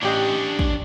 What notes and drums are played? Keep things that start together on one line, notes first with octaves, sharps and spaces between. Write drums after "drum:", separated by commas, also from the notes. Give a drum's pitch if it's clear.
A1 D4 G4 C#5 D#5
drum: kick